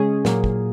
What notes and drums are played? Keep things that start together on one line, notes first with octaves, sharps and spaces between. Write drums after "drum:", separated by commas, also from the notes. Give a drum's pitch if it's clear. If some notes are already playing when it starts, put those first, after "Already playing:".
Already playing: C#3 G#3 C#4 G#4
A#2 F#3 A#3, drum: snare
drum: kick